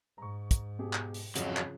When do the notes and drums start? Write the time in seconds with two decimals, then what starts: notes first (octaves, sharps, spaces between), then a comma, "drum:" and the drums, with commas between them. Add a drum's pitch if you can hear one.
0.18 G#2 A#5 C#6
0.51 drum: kick, hi-hat
0.79 B2 G4 G#4
0.93 drum: clap
1.14 drum: open hi-hat
1.36 F2 C#3 F3 F#3 C#4, drum: hi-hat
1.57 drum: clap